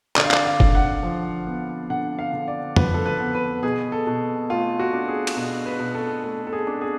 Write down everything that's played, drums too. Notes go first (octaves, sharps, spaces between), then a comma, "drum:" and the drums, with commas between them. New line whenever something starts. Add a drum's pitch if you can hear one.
D3 D5, drum: clap
F5
D5, drum: clap
F5
D3, drum: kick F1
F#5
F3
B3
D3 F#5
F5
D3
D5
F3 B4, drum: tom F2
A4
B4
B3
B4
B2 G#4
A4
B2
A3 F4
F#4
D4
G#4
drum: cymbal
B2
B4
B2
A4
A3 A4
A4
G#4
D4
G#4